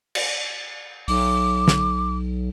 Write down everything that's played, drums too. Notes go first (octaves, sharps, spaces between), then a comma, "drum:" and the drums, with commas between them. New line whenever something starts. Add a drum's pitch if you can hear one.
drum: cymbal
B1 D6, drum: open hi-hat
drum: snare